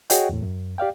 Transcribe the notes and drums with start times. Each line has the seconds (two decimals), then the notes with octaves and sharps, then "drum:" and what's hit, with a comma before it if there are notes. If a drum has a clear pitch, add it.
0.10 F#4 G#4 C#5 D#5 F#5 G5, drum: hi-hat
0.29 E2 A2
0.42 F#2
0.78 G4 D5 F5 G5